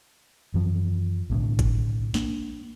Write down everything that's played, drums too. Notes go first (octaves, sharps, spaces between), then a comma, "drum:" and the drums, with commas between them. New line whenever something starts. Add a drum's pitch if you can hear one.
F#2 E3 F3
B1 A2 D3
drum: kick G#1, hi-hat
A#3 D4, drum: snare